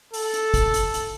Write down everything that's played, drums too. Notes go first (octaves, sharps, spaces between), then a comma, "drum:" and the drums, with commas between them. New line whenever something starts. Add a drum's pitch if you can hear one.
A4, drum: open hi-hat
drum: hi-hat
drum: kick, hi-hat
drum: hi-hat
drum: hi-hat